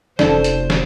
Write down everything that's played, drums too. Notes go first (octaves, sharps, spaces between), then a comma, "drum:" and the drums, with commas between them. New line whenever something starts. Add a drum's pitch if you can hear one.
F1 C#3 D#4 F#4 A4 C5 D5, drum: snare
drum: hi-hat
drum: snare